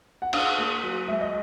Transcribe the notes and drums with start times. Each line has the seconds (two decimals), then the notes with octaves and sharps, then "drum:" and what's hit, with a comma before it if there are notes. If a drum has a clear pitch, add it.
0.22 F#5
0.33 D4 F5, drum: cymbal
0.58 A#3
0.83 F#3
1.08 G#3 E5
1.21 D#5